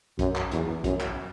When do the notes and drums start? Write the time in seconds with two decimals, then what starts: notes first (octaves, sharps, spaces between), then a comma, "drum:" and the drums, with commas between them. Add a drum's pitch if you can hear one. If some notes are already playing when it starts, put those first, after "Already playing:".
0.19 F#2, drum: kick, hi-hat
0.36 drum: clap
0.51 E2, drum: hi-hat
0.84 F#2, drum: kick, hi-hat
1.00 drum: clap